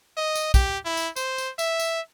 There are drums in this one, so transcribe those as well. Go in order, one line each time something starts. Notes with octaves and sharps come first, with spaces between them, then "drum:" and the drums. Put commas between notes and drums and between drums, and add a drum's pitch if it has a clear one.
D#5
drum: tambourine
G4, drum: kick, tambourine
E4
drum: tambourine
C5, drum: tambourine
drum: tambourine
E5, drum: tambourine
drum: tambourine